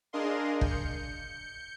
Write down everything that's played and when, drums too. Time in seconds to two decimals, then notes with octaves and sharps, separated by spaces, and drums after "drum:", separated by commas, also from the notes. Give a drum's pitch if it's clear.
0.13 D4 G#4 A#4 D#5 F5 C6
0.61 G6 C#7, drum: kick